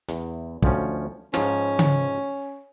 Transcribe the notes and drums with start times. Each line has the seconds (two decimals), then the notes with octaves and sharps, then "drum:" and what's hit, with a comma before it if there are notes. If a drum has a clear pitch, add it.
0.09 E2, drum: hi-hat
0.62 D2 F3 C#4, drum: kick
1.34 G#2 F3 C#4, drum: snare
1.79 drum: tom C#3